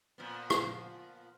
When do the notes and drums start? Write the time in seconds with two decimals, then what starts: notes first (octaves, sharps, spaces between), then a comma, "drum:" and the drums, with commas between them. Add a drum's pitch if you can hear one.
0.18 A#2 F3 B3
0.50 drum: rim click